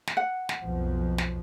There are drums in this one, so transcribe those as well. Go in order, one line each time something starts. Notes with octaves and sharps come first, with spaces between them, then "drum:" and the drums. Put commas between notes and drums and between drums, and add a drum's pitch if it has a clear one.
drum: snare
F#5
drum: snare
B1 F2 F3
drum: snare